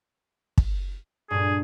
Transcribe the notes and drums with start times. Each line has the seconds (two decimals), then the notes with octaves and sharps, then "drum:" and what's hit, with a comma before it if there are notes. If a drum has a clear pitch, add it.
0.58 drum: kick
1.30 G2 A#2 G#4